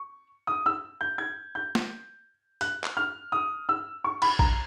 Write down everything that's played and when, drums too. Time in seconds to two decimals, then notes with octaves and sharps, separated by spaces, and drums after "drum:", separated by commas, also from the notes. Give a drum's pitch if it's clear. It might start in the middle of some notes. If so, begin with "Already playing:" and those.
Already playing: C#6
0.47 D#6
0.66 E6
1.01 G6
1.18 G#6
1.55 G6
1.75 drum: snare
2.61 F#6, drum: hi-hat
2.84 drum: clap
2.97 F6
3.32 D#6
3.69 E6
4.04 C#6
4.22 B5, drum: cymbal
4.39 A#5, drum: kick A#1